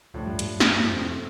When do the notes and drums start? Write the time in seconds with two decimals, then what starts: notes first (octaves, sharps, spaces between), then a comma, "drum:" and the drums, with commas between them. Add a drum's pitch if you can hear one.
0.14 D2 A2 D3 F3 D4
0.27 G2 G3
0.39 G2 G3, drum: hi-hat
0.60 drum: snare
0.72 G2
0.92 F2 C3 A3 C4